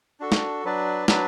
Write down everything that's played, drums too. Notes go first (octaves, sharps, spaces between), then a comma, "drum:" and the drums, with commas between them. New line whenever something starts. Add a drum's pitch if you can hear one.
D4 F#4 A4
drum: snare
F#3 D4 B4 D5
F#3 D4 B4 D5, drum: snare